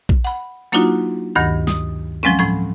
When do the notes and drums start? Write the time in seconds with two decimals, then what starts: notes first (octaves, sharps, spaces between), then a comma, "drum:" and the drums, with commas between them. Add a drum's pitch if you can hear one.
0.09 drum: kick A#1
0.24 F#5 B5
0.72 F#3 A#3 D4 D#4 F4 F#4
1.35 D2 G2 D#3 B5 G#6
1.67 D#6, drum: snare
2.23 F3 F#3 G#3 C4 C#4
2.39 A2 F3 B5 G#6